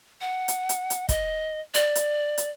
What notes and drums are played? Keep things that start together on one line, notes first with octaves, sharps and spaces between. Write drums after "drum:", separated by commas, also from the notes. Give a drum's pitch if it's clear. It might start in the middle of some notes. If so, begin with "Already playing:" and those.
F#5
drum: hi-hat
drum: hi-hat
drum: hi-hat
D#5, drum: kick, hi-hat
D5, drum: hi-hat
drum: hi-hat
drum: hi-hat